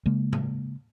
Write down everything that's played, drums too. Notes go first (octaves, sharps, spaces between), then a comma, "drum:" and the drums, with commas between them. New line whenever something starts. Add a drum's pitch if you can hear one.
C#3 G#3 A#3
drum: tom A2